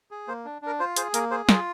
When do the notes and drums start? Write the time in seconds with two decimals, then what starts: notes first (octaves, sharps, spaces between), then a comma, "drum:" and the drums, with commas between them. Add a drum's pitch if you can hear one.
0.11 G#4
0.28 A#3 C5
0.45 D4
0.62 D4 A#4
0.80 F4 C5
0.97 G#4 C5, drum: hi-hat
1.14 A#3 A#4, drum: hi-hat
1.31 G#4 C5
1.49 F4 A#4, drum: snare